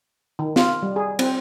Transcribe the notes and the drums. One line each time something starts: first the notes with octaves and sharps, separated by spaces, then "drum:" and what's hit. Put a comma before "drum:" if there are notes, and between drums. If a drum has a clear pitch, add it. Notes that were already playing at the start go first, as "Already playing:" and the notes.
D#3
F4, drum: snare
G3
G#4
C4, drum: cymbal